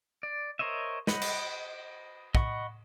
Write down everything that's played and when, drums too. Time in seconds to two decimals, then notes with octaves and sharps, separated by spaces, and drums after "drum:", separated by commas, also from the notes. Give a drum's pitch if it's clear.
0.23 D5
0.59 A#4 C5 C#5 D#5 E5
1.07 C5 D#5 F#5 B5, drum: snare
1.22 drum: cymbal
2.35 D#5 F#5 B5 C#6, drum: kick